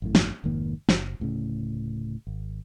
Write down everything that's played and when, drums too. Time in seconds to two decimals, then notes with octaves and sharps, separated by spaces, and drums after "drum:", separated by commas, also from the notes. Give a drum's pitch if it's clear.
0.02 G#1 F#2 A2
0.15 drum: snare
0.44 F1 G#2 D#3 A#3
0.89 F#1, drum: snare
1.20 D1 A2 C#3
2.27 G#1